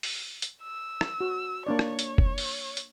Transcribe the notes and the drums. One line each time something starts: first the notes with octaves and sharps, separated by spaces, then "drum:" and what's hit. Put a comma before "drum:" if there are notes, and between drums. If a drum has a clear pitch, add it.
drum: open hi-hat
drum: hi-hat
E6
drum: rim click
F#4
A#3 D4 C#5 D5
drum: rim click
drum: hi-hat
drum: kick
drum: open hi-hat
drum: hi-hat